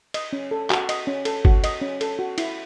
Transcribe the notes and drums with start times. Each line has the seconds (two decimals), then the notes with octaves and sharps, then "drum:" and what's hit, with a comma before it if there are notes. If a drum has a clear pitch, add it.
0.14 D#5, drum: cymbal
0.33 C#4
0.51 A4
0.70 F#4, drum: clap
0.89 D#5, drum: cymbal
1.07 C#4
1.25 A4, drum: cymbal
1.45 F#4, drum: kick
1.64 D#5, drum: cymbal
1.81 C#4
2.01 A4, drum: cymbal
2.19 F#4
2.38 E4, drum: cymbal